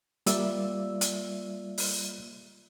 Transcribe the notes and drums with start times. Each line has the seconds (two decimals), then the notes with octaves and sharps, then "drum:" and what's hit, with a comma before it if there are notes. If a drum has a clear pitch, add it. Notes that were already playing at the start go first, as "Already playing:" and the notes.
0.26 G3 A#3 F4 D5 E5 E6, drum: hi-hat
1.01 drum: hi-hat
1.78 drum: open hi-hat